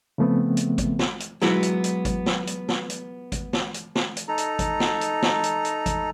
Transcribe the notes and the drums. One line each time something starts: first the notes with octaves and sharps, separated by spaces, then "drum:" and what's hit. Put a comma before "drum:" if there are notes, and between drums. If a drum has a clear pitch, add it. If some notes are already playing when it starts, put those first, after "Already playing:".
C#3 F3 A3 B3 C4
drum: hi-hat
drum: kick G#1, hi-hat
drum: snare
drum: hi-hat
F#3 G#3 B3 E4 F#4, drum: snare
drum: hi-hat
drum: hi-hat
drum: kick G#1, hi-hat
drum: snare
drum: hi-hat
drum: snare
drum: hi-hat
drum: kick G#1, hi-hat
drum: snare
drum: hi-hat
drum: snare
drum: hi-hat
D#4 A4 A#5
drum: hi-hat
drum: kick G#1, hi-hat
drum: snare
drum: hi-hat
drum: snare
drum: hi-hat
drum: hi-hat
drum: kick G#1, hi-hat